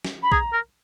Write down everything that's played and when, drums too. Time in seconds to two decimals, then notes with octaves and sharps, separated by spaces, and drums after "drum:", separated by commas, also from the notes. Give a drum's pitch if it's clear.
0.04 drum: snare
0.23 B5
0.32 G#4 A#5, drum: kick
0.53 A#4